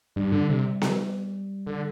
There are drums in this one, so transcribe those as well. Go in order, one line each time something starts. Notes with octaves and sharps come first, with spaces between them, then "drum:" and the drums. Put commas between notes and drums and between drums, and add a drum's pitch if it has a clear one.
G2 G3
D3
C3
drum: snare B3
D3